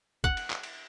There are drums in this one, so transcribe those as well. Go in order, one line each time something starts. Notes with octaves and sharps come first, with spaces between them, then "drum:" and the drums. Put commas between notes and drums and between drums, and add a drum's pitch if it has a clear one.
F#5, drum: kick
drum: cymbal
drum: clap
drum: cymbal